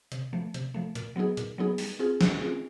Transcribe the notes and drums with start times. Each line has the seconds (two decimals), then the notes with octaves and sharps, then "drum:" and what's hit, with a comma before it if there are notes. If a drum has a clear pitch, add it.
0.12 C3, drum: hi-hat
0.33 F3 A3
0.54 C3, drum: hi-hat
0.74 F3 A3
0.95 A#2, drum: hi-hat
1.16 F#3 B3 D#4 G#4
1.37 A#2, drum: hi-hat
1.58 F#3 B3 D#4 G#4
1.78 G3, drum: open hi-hat
1.99 C4 F4 G#4
2.21 G3, drum: snare
2.41 C4 F4 G#4